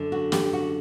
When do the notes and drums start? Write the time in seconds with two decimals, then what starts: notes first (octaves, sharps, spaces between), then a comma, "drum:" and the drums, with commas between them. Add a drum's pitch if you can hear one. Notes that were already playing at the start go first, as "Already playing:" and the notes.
Already playing: F#2 D3
0.12 F#4
0.32 G4, drum: snare
0.53 F#4